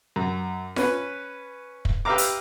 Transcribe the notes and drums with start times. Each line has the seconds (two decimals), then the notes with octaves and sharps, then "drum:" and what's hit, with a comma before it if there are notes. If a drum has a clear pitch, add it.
0.16 F#2
0.76 C#4 B4, drum: snare F4
1.85 drum: kick
2.05 G4 B4 E5 F5 A#5 D6
2.18 drum: hi-hat